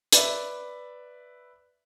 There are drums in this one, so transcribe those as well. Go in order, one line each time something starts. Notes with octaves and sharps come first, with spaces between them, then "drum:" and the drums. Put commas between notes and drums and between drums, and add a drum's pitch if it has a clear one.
B4 D5 E5, drum: hi-hat